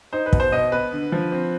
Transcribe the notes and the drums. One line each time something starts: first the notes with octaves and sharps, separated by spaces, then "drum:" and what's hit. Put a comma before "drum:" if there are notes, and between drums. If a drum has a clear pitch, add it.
D#4 C5
B4
B2, drum: kick
C5
B2 D#5
B3 B4
D3
F3
C4